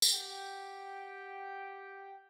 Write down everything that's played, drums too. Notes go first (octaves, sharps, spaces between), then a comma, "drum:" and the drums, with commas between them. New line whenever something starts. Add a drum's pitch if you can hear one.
drum: tambourine
G4 F#5 G5